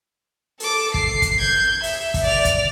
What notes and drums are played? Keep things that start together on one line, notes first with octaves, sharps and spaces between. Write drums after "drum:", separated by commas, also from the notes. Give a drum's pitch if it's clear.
A4 D6, drum: open hi-hat
C7, drum: kick
drum: kick, hi-hat
G6 G#6
E5, drum: open hi-hat
drum: kick, open hi-hat
D5 F7
drum: kick, hi-hat